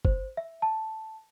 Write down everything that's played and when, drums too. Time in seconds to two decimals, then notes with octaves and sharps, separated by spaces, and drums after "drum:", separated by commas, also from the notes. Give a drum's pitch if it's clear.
0.05 C5, drum: kick
0.37 E5
0.62 A5